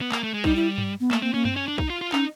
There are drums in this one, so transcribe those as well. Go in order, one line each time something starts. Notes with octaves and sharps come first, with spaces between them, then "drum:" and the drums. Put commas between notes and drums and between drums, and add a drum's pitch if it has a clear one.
B3
A#3, drum: clap
A3
G#3
G3 D#4, drum: kick B1
E4
drum: tom G2
B3
A3 A#3, drum: clap
A#3 C4
A#3 C#4
C4, drum: tom F#2
C#4
D4
D#4, drum: kick B1
F4
F4
C#4 D#4, drum: clap